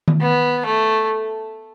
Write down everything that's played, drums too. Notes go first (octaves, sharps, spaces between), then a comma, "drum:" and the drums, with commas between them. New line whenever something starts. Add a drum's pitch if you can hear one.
drum: tom D#3
B3
A3